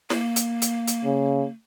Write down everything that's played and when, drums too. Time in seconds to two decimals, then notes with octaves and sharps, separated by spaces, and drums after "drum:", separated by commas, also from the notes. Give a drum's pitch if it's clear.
0.10 A#3, drum: snare
0.36 drum: hi-hat
0.62 drum: hi-hat
0.87 drum: hi-hat
1.05 C#3